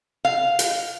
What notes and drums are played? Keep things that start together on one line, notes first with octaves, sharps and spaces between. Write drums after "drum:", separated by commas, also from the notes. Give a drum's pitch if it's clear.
F5
drum: hi-hat